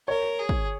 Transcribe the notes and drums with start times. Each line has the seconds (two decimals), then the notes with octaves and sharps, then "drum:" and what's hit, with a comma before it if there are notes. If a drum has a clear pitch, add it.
0.08 A#4 C#5
0.39 G#4
0.49 drum: kick